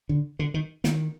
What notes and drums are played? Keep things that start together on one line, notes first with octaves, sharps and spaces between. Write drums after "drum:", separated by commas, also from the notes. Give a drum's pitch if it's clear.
D3
D3
D#3
D#3, drum: snare